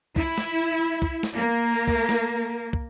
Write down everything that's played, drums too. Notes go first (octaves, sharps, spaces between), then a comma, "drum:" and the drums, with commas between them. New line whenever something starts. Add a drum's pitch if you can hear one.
E4, drum: kick
drum: snare
drum: kick
drum: snare
A#3
drum: kick
drum: snare
drum: kick